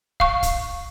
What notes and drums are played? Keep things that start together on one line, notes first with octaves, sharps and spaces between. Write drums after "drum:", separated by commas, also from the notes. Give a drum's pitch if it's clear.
F5 C#6, drum: kick
drum: kick, hi-hat